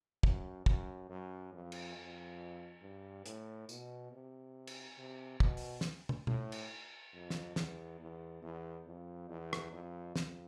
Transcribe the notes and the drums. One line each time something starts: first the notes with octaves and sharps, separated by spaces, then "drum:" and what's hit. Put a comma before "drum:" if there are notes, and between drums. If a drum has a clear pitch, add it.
F#2, drum: kick
F#2, drum: kick
F#2
F2
drum: cymbal
F2
G2
A2, drum: hi-hat
B2, drum: tambourine
C3
drum: cymbal
C3
B2, drum: kick
drum: open hi-hat
drum: snare
drum: tom
A2, drum: tom
drum: cymbal
F2
drum: snare
E2, drum: snare
E2
E2
F2
E2
drum: rim click
F2
F2, drum: snare